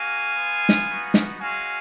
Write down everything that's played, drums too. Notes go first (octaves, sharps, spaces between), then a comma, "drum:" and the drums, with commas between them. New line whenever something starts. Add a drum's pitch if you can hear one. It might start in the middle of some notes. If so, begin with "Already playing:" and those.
Already playing: A#3 D#4 F#4 F5 G#5
B3 F4
drum: snare
B3 D#4 F#4
drum: snare
G#3 C#4 F#4 F5 G#5